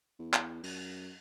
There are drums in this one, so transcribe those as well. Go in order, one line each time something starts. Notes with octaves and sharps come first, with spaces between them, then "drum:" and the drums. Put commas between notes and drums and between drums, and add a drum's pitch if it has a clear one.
E2
drum: clap
F#2, drum: open hi-hat